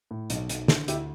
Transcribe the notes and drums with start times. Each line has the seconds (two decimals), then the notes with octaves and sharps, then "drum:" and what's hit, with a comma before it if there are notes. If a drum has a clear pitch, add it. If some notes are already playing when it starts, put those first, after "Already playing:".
0.11 A2
0.30 B1, drum: hi-hat
0.49 B1, drum: hi-hat
0.68 D3 E4, drum: snare
0.88 D2 E4 G4, drum: hi-hat